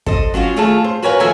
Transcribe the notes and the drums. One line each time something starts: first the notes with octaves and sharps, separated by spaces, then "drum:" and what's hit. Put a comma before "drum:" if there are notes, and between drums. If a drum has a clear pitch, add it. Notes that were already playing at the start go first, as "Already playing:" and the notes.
A4 C5 D#5, drum: kick
F#3 C#4 F4 F#4
D#2 A3 F4 G#4 A5
C5
F#4 A#4 B4 C#5 F5 G#5
D#2 F3 A4 A#4 E5 G#5